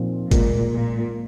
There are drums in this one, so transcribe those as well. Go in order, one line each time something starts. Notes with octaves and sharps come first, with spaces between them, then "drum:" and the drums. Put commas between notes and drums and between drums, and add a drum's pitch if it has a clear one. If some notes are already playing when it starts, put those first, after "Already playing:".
Already playing: A#2 F3 C4 D#4
A#2 G#3 F4 A#4, drum: kick, hi-hat
A#2